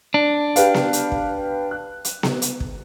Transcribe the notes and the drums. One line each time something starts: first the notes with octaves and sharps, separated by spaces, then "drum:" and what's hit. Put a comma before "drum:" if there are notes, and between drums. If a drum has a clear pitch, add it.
D4
G4 B4 F5, drum: hi-hat
drum: snare B3
drum: hi-hat
drum: kick
F#6
drum: hi-hat
drum: snare B3
drum: hi-hat
drum: kick